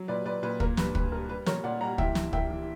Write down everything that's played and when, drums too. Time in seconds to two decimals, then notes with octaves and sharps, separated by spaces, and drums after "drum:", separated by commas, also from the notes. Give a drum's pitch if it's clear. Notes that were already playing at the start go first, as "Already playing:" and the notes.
Already playing: F#3
0.08 A#2 B4 D5
0.25 A#2 B4 D5
0.43 A#2 B4
0.60 A#3 A#4, drum: kick
0.77 G2 B4, drum: snare
0.95 G2 B4, drum: kick
1.12 G2 A#4
1.29 G3 B4
1.46 A#2 A#4 C#5, drum: snare
1.64 A#2 D5 F#5
1.81 G3 F#5 A#5
1.98 E3 E5 G5, drum: kick
2.15 G2, drum: snare
2.33 A#3 E5 G5, drum: kick
2.50 E3